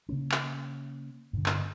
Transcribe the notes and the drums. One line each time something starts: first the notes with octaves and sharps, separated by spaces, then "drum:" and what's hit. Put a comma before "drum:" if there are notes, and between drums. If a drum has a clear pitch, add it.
C#3 A#3 C#4
drum: clap
G2 B2 D3
drum: clap